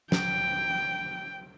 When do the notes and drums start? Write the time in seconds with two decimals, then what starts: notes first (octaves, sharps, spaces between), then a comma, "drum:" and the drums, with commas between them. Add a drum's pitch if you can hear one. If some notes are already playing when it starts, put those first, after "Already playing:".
0.12 G5, drum: snare